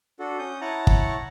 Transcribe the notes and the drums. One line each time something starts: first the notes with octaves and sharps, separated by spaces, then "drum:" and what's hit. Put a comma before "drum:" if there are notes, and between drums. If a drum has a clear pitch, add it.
D4 F#4 A4
C#4 D#6 G6
E4 C#5 F#5 A5 A#5 C#6
drum: kick